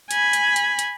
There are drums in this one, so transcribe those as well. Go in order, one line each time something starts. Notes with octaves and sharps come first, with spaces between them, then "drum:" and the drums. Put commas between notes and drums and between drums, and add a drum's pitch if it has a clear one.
G#5 B5, drum: hi-hat
drum: hi-hat
drum: hi-hat
drum: hi-hat